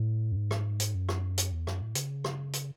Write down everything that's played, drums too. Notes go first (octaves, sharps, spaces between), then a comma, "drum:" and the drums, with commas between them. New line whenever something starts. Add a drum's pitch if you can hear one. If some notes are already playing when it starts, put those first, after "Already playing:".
Already playing: A2
F#2
G#2
drum: rim click
drum: hi-hat
F#2
drum: rim click
drum: hi-hat
E2
F#2, drum: rim click
A2
C#3, drum: hi-hat
drum: rim click
drum: hi-hat